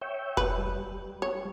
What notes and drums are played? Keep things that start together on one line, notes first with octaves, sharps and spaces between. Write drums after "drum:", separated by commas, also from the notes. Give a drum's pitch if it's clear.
C#5 E5 G5
B4, drum: kick F1
G3
C#5